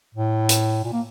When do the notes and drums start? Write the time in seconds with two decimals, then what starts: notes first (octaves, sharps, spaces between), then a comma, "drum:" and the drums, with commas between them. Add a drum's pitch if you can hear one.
0.15 A2
0.49 drum: hi-hat
0.84 A#2
0.92 A#3